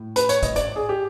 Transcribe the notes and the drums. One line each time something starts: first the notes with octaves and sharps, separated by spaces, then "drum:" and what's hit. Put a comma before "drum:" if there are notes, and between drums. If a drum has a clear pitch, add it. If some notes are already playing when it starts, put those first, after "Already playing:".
Already playing: A2
B4, drum: hi-hat
C#5, drum: hi-hat
D#5, drum: kick, hi-hat
D5, drum: hi-hat
G#4
G4